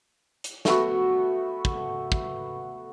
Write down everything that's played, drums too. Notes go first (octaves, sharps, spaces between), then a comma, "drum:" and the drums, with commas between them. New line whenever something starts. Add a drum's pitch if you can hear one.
drum: hi-hat
A3 B3 F#4, drum: snare
drum: kick
drum: kick